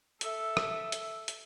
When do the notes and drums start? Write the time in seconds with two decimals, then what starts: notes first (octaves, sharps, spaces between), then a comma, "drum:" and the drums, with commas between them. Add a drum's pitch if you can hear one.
0.21 A4 E5, drum: hi-hat
0.57 drum: rim click
0.92 drum: hi-hat
1.28 drum: hi-hat